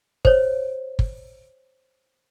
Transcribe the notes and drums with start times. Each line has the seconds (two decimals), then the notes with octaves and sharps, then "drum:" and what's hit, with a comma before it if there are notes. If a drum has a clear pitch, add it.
0.25 C5 C#5, drum: kick
0.99 drum: kick